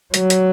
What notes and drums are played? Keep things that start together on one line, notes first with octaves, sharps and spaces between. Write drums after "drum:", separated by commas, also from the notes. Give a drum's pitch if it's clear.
F#3, drum: hi-hat
drum: hi-hat